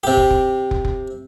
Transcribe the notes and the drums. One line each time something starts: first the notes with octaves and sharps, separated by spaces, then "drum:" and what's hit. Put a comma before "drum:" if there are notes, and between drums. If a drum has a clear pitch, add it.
C3 G4
drum: kick
drum: kick
drum: kick
drum: kick